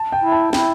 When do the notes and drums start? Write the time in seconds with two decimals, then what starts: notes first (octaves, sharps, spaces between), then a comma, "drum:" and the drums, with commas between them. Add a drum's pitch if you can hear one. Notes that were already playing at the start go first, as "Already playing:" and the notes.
Already playing: A5
0.12 G5
0.23 E4
0.32 A5
0.53 E4 G5, drum: snare